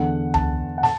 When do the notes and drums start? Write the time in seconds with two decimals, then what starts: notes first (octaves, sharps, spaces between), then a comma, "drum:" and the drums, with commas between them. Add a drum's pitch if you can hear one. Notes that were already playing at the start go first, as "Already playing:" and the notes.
Already playing: E2 D3 F#5
0.34 A5, drum: tom C#2
0.78 F#5
0.83 A5, drum: snare